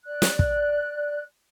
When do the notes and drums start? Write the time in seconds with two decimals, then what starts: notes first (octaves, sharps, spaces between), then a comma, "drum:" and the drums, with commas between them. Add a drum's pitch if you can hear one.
0.04 D5 F#6
0.22 drum: snare
0.39 drum: kick